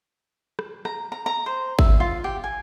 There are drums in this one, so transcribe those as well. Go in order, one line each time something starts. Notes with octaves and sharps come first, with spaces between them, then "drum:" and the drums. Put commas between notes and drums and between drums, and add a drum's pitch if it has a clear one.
drum: rim click
A#5, drum: rim click
A#5
A#5
C5
E5, drum: kick G#1
F4
G4
G#5